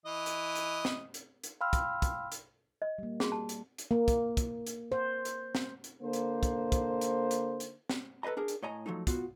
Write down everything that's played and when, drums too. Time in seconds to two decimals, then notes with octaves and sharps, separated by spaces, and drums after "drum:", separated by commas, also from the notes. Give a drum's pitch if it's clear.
0.06 E3 D#5
0.26 drum: hi-hat
0.55 drum: hi-hat
0.85 drum: snare
1.14 drum: hi-hat
1.44 drum: hi-hat
1.61 F5 G5 B5 C6 E6 F6
1.73 drum: kick, hi-hat
2.02 drum: kick, hi-hat
2.32 drum: hi-hat
2.82 D#5
2.98 G3 A#3
3.20 F#4 G#4, drum: snare
3.32 A5
3.49 drum: hi-hat
3.78 drum: hi-hat
3.91 A#3
4.08 drum: kick, hi-hat
4.37 drum: kick, hi-hat
4.67 drum: hi-hat
4.92 C5
5.25 drum: hi-hat
5.55 drum: snare
5.84 drum: hi-hat
6.02 D3 A#3 C5
6.13 drum: hi-hat
6.43 drum: kick, hi-hat
6.72 drum: kick, hi-hat
7.01 drum: hi-hat
7.31 drum: hi-hat
7.60 drum: hi-hat
7.89 drum: snare
8.23 A4 B4 C5 D#5 A#5
8.37 D4 G#4 A#4
8.48 drum: hi-hat
8.62 A2 C#5 D#5 G#5 A#5
8.86 F3 F#3 A3 D#4
9.07 B3 F4 F#4, drum: kick, hi-hat